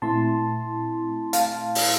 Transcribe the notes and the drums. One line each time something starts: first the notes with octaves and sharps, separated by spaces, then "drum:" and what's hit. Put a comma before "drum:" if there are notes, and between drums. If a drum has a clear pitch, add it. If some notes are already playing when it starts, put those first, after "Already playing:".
A#2 A3 C4 E4 A5 C6
F5 A5, drum: hi-hat
drum: open hi-hat